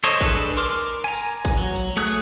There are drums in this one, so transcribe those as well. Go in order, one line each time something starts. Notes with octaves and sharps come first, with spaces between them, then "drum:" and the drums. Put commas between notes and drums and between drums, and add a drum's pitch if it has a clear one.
A4 C5 C#5 D#5
D4 G#4 A4 B4, drum: kick, tambourine
A#4 C6 D6 F6
G#5 A#5
drum: tambourine
drum: kick, tambourine
F#3
drum: tambourine
A3 G#4 D#6 F#6
drum: tambourine